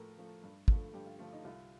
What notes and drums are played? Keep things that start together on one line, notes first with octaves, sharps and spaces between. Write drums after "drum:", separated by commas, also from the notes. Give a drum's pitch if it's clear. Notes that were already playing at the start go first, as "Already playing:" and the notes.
Already playing: A2 F3 A3 A4 A#4
F3 A3
G2
D3 F3 A3, drum: kick
G2 G4
F4
D3 F3 A3 F4
D#4
C2 F4